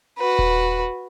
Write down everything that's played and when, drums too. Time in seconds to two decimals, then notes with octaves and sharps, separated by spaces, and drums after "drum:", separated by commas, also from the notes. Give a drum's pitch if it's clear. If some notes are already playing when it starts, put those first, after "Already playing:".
0.18 F#4 B4
0.39 drum: kick D#1